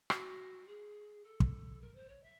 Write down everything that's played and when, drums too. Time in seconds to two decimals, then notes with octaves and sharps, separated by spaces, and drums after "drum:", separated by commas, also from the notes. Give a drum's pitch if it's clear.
0.10 F#4, drum: rim click
0.67 G#4
1.24 A4
1.40 drum: kick
1.81 A#4
1.94 C5
2.08 C#5
2.23 E5